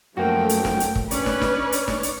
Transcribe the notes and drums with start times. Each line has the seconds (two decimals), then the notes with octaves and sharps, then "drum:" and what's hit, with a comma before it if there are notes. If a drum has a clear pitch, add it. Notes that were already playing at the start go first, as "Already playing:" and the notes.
0.17 F#2 F3 A3 A#3 F#4 G5
0.49 drum: hi-hat
0.65 drum: snare
0.80 drum: hi-hat
0.95 drum: kick
1.11 C#4 D4 B4 C#5, drum: hi-hat
1.26 drum: snare
1.42 drum: snare
1.72 drum: hi-hat
1.88 drum: snare
2.03 drum: hi-hat